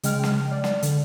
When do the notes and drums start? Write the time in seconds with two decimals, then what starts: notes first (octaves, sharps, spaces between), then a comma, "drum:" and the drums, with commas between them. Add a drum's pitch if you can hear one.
0.03 C#3 G#3 G5 F6, drum: hi-hat
0.24 drum: snare
0.51 D5
0.64 drum: snare
0.83 D3, drum: hi-hat